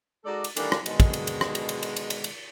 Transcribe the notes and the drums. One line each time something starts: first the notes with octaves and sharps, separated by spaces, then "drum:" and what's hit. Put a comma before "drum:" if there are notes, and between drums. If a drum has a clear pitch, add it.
G#3 D#4 F#4 A4 D5
drum: cymbal
D#3 E3 G3 A3 A#3 D4, drum: cymbal
drum: rim click
B2 D3 D#3 G#3, drum: cymbal
drum: kick, cymbal
drum: cymbal
drum: cymbal
drum: rim click
drum: cymbal
drum: cymbal
drum: cymbal
drum: cymbal
drum: cymbal
drum: cymbal